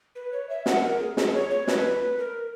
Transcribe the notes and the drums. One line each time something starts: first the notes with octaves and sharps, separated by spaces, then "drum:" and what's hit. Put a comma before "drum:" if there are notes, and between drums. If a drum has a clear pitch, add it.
B4
C#5
E5
F#5, drum: snare
A#4
G#4
G#4, drum: snare
C#5
C#5
B4, drum: snare
A#4